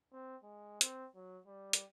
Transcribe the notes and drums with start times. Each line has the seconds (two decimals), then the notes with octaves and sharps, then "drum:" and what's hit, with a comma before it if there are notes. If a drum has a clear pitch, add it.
0.13 C4
0.43 G#3
0.81 C4, drum: hi-hat
1.16 F#3
1.46 G3
1.73 drum: hi-hat